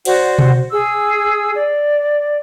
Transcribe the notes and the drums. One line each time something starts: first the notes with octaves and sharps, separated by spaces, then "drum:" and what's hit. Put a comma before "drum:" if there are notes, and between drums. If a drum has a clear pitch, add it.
F#4 C5 D5 F#5, drum: cymbal
drum: tom B2
G#4 E6
D5